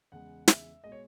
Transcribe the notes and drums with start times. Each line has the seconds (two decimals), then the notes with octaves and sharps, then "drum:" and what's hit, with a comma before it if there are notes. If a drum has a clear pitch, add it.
0.12 E2 C#3 G#3 F#5
0.48 E5, drum: snare
0.84 B2 G#3 D#5
0.92 C#5